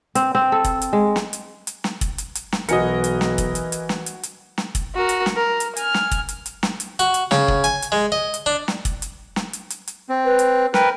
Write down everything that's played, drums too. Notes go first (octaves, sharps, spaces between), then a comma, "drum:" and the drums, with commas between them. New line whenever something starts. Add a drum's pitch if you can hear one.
C4, drum: hi-hat
C4
A4
drum: kick, hi-hat
drum: hi-hat
G#3
drum: snare
drum: hi-hat
drum: hi-hat
drum: snare
drum: kick, hi-hat
drum: hi-hat
drum: hi-hat
drum: snare
B1 E3 F#4 A#4 D#5 G#5 C#7, drum: hi-hat
drum: hi-hat
drum: snare
drum: kick, hi-hat
drum: hi-hat
drum: hi-hat
drum: snare
drum: hi-hat
drum: hi-hat
drum: snare
drum: kick, hi-hat
F#4 A#4
drum: hi-hat
drum: snare
A#4
drum: hi-hat
G#5 F6, drum: hi-hat
drum: snare
drum: kick, hi-hat
drum: hi-hat
drum: hi-hat
drum: snare
drum: hi-hat
F#4, drum: hi-hat
drum: hi-hat
C#3, drum: snare
drum: kick
G#5, drum: hi-hat
drum: hi-hat
G#3
D#5
drum: hi-hat
D4
drum: snare
drum: kick, hi-hat
drum: hi-hat
drum: snare
drum: hi-hat
drum: hi-hat
drum: hi-hat
C4
B4
drum: hi-hat
A#4 B4 G5, drum: snare